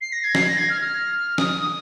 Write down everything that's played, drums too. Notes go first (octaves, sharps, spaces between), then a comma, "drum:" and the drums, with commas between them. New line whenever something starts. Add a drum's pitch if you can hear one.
C7
A#6
G#6
C7, drum: snare
A#6
G#6
F6
F6
D#6, drum: snare
D#6